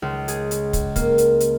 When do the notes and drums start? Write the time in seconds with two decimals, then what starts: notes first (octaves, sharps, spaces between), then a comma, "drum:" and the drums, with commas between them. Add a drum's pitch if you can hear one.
0.02 C#2
0.28 G#4, drum: hi-hat
0.51 drum: hi-hat
0.73 drum: kick, hi-hat
0.96 A#3, drum: kick, hi-hat
1.18 drum: hi-hat
1.40 drum: hi-hat